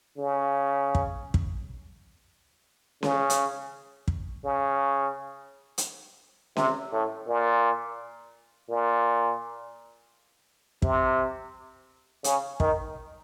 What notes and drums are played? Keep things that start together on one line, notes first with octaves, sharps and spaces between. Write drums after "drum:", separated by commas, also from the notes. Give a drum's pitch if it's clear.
C#3
drum: kick
drum: kick
C#3, drum: snare C#4
drum: hi-hat
drum: kick
C#3
drum: hi-hat
C3, drum: snare C#4
A2
A#2
A#2
C3, drum: kick
C#3, drum: hi-hat
D#3, drum: kick